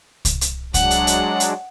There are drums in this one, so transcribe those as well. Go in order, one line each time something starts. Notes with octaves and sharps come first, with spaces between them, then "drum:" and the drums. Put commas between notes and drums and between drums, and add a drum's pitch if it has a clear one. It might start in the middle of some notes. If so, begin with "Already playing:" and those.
drum: kick C2, hi-hat
drum: hi-hat
F#3 G#3 D4 F#5, drum: kick C2, hi-hat
drum: hi-hat
drum: hi-hat
drum: hi-hat